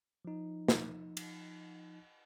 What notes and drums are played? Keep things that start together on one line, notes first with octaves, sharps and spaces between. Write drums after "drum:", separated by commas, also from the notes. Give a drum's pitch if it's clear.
F3 D#4
drum: snare
drum: cymbal